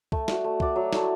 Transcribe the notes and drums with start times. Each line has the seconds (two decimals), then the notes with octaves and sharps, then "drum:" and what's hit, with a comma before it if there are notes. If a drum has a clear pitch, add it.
0.12 A3, drum: kick
0.28 F#4 D5, drum: snare
0.44 A3
0.60 F#4 D5, drum: kick
0.76 F#3
0.93 A3 E4 D5, drum: snare